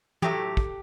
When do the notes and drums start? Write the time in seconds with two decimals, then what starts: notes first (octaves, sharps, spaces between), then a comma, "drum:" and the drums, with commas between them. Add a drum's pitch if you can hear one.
0.22 A2 F#3 A3 G4, drum: tom
0.57 drum: kick